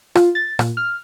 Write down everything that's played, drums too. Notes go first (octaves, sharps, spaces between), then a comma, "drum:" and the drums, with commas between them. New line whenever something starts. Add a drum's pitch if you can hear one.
F4, drum: rim click
A6
A#2, drum: rim click
F6